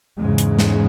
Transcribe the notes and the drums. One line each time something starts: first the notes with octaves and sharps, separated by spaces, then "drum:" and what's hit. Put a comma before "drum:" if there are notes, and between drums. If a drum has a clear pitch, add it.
E2 G#2 C#3 G#3
drum: hi-hat
drum: snare